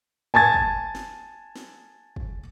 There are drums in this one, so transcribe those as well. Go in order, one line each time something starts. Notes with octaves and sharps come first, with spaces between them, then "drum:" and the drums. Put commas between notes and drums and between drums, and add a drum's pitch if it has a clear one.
G#5 A5 G#6 A6
drum: kick
drum: snare
drum: snare
drum: kick